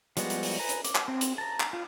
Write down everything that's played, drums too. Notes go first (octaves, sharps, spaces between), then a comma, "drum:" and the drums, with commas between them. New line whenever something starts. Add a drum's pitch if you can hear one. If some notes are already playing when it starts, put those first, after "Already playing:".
F3 G3 G#3 B3 F#4, drum: hi-hat
drum: hi-hat
drum: open hi-hat
B4 G#5 A#5
drum: hi-hat
D6, drum: hi-hat
drum: clap
C4
drum: hi-hat
A5 A#5
drum: clap
F4